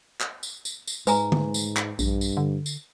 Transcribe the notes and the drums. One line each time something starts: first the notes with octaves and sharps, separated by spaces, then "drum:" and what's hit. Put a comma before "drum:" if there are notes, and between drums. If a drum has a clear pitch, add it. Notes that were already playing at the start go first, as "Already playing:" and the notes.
drum: clap
drum: tambourine
drum: tambourine
drum: tambourine
G#2 G#3 B4 G#5 A#5, drum: tambourine
drum: tom D3
drum: tambourine
drum: clap
A#1 G2, drum: tambourine
drum: tambourine
D3
drum: tambourine